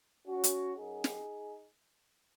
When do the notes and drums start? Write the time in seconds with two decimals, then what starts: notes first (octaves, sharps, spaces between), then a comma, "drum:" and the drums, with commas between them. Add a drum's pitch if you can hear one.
0.27 C#4 F#4
0.44 drum: hi-hat
0.77 F#2 F#3 D#4 G#4
1.04 drum: snare